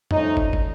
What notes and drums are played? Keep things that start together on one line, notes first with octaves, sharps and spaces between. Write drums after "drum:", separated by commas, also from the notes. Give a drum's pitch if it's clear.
D3 F3 A3 C#4 D#4, drum: tom F2
drum: kick
drum: kick